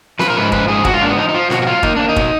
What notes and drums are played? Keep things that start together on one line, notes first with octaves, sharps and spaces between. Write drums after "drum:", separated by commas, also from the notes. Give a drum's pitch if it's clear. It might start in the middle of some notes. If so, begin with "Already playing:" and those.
F3 B4, drum: snare C4
A#4
G#2 B4
F3 B4, drum: kick
G#2 G#4
G#2 F#4, drum: kick
F4
A#3 D4
B3
F3 D#4
D#4
F3 F4
B2 F#4, drum: snare C4
F#4
F#3 F4
A#3 D#4, drum: kick
A#3 D4
D#4
B2, drum: kick